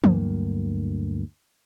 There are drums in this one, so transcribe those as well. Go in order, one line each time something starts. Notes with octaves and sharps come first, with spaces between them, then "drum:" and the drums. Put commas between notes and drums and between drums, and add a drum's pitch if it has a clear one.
D2 G2 F#3 A#3, drum: tom E3